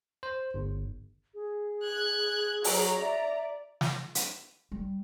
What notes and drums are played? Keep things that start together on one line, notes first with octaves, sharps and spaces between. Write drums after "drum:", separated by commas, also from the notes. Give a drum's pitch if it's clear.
C5
G1
G#4
F#6 G#6
F#3 A#5, drum: open hi-hat
D5 E5
drum: snare
drum: hi-hat
G3